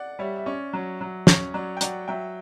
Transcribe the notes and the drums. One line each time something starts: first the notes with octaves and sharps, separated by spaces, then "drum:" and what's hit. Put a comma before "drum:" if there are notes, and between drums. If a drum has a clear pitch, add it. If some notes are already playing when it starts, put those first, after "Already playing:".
Already playing: D5 F#5
G3 C#5 E5
E5
C#4 D5
F#3
F#3
C#4 C#5, drum: snare
F#3 D5
G5
F#3 D5 F#5, drum: hi-hat
F#3 E5 G5